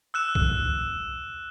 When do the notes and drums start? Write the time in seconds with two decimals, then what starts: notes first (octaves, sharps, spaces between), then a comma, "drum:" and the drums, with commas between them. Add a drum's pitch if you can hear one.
0.14 E6 F#6 E7
0.35 drum: kick B1